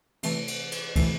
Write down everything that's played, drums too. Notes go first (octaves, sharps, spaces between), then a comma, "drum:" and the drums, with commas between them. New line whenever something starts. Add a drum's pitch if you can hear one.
C3 E3 A3, drum: cymbal
drum: cymbal
drum: cymbal
C3 E3 A3, drum: kick C#2, cymbal